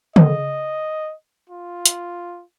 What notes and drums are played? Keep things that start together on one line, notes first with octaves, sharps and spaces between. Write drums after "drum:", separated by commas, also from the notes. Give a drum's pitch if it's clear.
D#5, drum: tom C#3
F4
drum: hi-hat